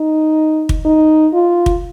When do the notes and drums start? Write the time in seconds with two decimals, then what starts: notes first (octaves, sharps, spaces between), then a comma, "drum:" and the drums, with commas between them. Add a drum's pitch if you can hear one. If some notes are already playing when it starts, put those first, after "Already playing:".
Already playing: D#4
0.69 drum: kick
0.85 D#4
1.34 F4
1.66 drum: kick